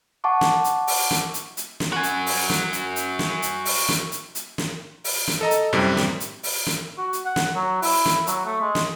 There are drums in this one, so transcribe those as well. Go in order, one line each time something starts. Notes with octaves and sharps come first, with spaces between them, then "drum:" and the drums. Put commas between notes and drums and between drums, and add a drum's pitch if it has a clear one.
F#5 A5 C#6 D6
drum: snare
drum: hi-hat
drum: open hi-hat
drum: snare
drum: hi-hat
drum: hi-hat
drum: snare
F#4 G#5
drum: hi-hat
drum: open hi-hat
drum: snare
drum: hi-hat
drum: hi-hat
drum: snare
drum: hi-hat
drum: open hi-hat
drum: snare
drum: hi-hat
drum: hi-hat
drum: snare
drum: open hi-hat
drum: snare
A4 D#5 A#5
drum: hi-hat
F#2 A2 C3 G3
drum: snare
drum: hi-hat
drum: open hi-hat
drum: snare
F#4
drum: hi-hat
F#5
drum: snare
F#3
E4, drum: open hi-hat
drum: snare
F#3, drum: hi-hat
A3
G#3
drum: snare